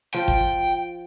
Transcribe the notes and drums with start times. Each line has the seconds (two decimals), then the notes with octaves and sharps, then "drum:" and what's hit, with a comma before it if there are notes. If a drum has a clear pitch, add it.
0.14 F3 G5
0.28 drum: kick G1